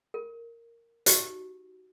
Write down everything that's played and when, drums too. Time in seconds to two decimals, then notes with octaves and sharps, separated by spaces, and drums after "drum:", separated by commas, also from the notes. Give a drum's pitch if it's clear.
0.14 A#4
1.06 D#4 F#4 G4, drum: hi-hat